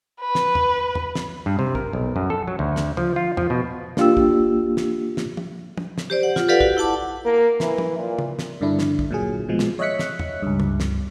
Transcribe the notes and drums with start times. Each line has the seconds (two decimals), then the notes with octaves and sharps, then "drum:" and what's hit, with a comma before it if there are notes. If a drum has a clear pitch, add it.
0.21 B4
0.35 drum: snare
0.55 drum: tom
0.95 drum: tom
1.15 drum: snare
1.46 G2
1.59 C3
1.75 A#4, drum: kick
1.93 B1
2.16 F#2
2.30 A4
2.47 F#3
2.59 D2
2.76 drum: snare
2.97 F3, drum: tom
3.16 F4
3.37 F3, drum: tom
3.50 B2
3.97 A#3 D4 F4 G4 E6, drum: snare
4.17 drum: kick
4.77 drum: snare
5.17 drum: snare
5.37 drum: tom
5.78 drum: tom
5.98 drum: snare
6.10 G4 C5 D5
6.23 F#5
6.36 F4, drum: snare
6.48 G4 A4 B4 D5 F5 F#5
6.61 F#4, drum: kick
6.77 E4 F#5 A5 D6
7.25 A#3
7.60 E3, drum: snare
7.78 drum: tom
7.98 A#2
8.19 drum: tom
8.39 drum: snare
8.61 G2 D3 D4 E4
8.79 drum: snare
8.99 drum: kick
9.11 A#2 F#3 G#4
9.48 B2 F3 G#3
9.59 drum: snare
9.79 C#5 D#5 E5 F#6 B6 C#7
9.99 drum: snare
10.19 drum: tom
10.43 C#2 G2
10.60 drum: tom
10.80 drum: snare